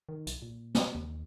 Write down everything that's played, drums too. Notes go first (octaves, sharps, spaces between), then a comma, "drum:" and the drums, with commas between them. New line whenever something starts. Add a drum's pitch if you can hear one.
D#3
B1, drum: hi-hat
A#2
drum: snare
D#2